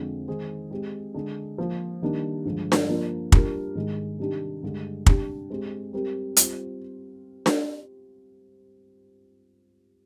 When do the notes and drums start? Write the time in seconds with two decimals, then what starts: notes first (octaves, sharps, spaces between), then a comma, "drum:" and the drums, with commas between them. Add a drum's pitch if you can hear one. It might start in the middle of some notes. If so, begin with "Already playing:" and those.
Already playing: F2 D3 F3 G#3 C4
0.28 D#3 G#3 D#4 G#4 C5
0.71 G#3 C4 G4
1.14 D3 G#3 D4
1.58 F3 A#3 F4 C5
2.02 D#3 G3 A#3 D4
2.45 G2 D3 F3 G#3
2.72 drum: snare D4
2.89 F3 A#3 D4 F4 A#4
3.32 G3 D4 F4 A#4, drum: kick
3.75 G#2 D#3 G#3
4.19 C3 D#3 G3 D4 G4
4.63 G2 D3 G#3
5.06 C3 G3 D4 G4, drum: kick
5.50 G#3 C4 G4 C5
5.93 G3 C4 G4 A#4
6.37 G3 C4 F4 C5, drum: hi-hat
7.46 drum: snare D4